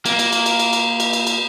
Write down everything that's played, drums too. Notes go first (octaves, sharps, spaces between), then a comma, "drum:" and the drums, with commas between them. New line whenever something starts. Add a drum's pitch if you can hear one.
A#3, drum: cymbal
drum: cymbal
drum: cymbal
drum: cymbal
drum: cymbal
drum: cymbal
drum: cymbal
drum: cymbal
drum: cymbal